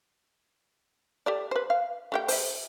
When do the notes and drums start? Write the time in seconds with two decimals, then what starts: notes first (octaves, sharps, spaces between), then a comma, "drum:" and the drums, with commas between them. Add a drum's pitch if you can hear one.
1.26 G4 A4 D5
1.51 B4 C5
1.70 F5
2.12 A3 G4 G5
2.28 C5 E5, drum: open hi-hat